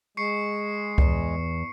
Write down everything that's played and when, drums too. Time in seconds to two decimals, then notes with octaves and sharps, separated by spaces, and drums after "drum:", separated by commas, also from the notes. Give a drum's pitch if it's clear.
0.17 G#3 C#6 C7 C#7
0.98 E2, drum: kick C#2